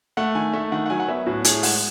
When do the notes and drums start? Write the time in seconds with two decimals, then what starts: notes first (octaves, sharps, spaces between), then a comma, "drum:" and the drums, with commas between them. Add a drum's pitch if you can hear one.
0.17 A3 F#5
0.35 D#3 G#5
0.53 A3 E5
0.72 D#3 F#5
0.86 F#5
0.90 F#3 G#5
1.00 F#5
1.08 B3 E5
1.26 A2 F#4
1.44 A2 G#4, drum: hi-hat
1.63 G#3 F#5, drum: open hi-hat